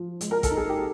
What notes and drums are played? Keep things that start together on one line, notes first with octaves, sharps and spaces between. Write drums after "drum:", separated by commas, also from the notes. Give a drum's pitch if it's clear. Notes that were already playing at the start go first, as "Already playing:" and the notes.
Already playing: F3
G#3, drum: hi-hat
A#4
A4, drum: kick A1, hi-hat
D#4
G#4
G4